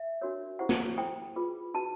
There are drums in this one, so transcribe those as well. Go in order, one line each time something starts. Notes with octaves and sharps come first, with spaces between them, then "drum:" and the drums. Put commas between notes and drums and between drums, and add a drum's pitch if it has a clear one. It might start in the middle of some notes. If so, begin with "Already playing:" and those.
Already playing: E5
D4 F#4 A#4 C#5
E4 G4 C5 F#5
drum: snare
E4 A4 C5 G5
F4 G#4 B4
D#4 F#4 B4 A5